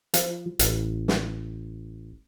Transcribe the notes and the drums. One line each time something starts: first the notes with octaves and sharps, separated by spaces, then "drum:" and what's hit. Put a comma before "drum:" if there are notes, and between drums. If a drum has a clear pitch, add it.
F3, drum: hi-hat
A1, drum: hi-hat
drum: snare